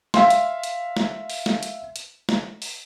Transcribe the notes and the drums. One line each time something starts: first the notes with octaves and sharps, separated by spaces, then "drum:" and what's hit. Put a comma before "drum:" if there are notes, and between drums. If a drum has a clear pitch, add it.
E5 F5 C6, drum: snare
drum: hi-hat
drum: hi-hat
drum: snare
drum: open hi-hat
drum: snare
drum: hi-hat
drum: hi-hat
drum: snare
drum: open hi-hat